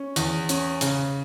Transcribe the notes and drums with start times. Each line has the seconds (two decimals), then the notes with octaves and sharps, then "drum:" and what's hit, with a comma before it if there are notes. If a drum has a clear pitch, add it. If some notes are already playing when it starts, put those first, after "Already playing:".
Already playing: C#4
0.16 E2, drum: hi-hat
0.49 C#4, drum: hi-hat
0.81 C#3, drum: hi-hat